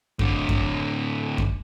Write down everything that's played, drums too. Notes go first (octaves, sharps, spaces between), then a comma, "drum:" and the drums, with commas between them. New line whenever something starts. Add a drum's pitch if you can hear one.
A2 D3, drum: kick F#2
drum: kick F#2
drum: kick F#2